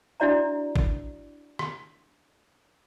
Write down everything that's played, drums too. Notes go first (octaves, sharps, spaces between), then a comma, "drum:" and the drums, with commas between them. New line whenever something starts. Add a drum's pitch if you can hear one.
D4 E4 F#4 D5 E5 A#5
drum: kick
drum: rim click